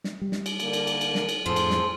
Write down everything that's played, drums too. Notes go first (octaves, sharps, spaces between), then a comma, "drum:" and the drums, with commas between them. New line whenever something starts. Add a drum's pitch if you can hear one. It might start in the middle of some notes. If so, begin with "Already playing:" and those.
drum: snare
G3
drum: snare
drum: cymbal
D3 A#3, drum: cymbal
drum: cymbal
drum: cymbal
drum: cymbal
drum: snare
drum: cymbal
F2 A2 F3 C4 G#4 A4 C6
drum: cymbal
drum: snare